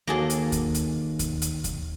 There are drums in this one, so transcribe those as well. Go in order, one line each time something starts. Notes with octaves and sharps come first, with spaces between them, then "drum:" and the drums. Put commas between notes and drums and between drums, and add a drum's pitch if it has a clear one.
D#2 A#3 F#4 G#4 A4
drum: hi-hat
drum: kick D#2, hi-hat
drum: hi-hat
drum: kick D#2, hi-hat
drum: hi-hat
drum: kick D#2, hi-hat